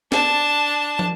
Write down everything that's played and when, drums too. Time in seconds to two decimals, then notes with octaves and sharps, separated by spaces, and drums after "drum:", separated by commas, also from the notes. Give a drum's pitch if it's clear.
0.12 D4 A5, drum: snare
0.99 drum: tom